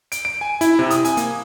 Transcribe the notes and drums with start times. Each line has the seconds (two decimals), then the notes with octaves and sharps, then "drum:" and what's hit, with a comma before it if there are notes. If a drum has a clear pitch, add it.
0.12 D7, drum: hi-hat
0.25 D7
0.41 G#5
0.61 E4, drum: hi-hat
0.79 C3
0.90 D#6, drum: hi-hat
1.05 G#5, drum: hi-hat
1.17 A#3, drum: hi-hat